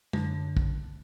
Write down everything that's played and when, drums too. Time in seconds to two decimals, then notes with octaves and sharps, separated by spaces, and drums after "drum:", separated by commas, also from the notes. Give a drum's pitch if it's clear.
0.13 F#2 D3, drum: tom
0.57 drum: kick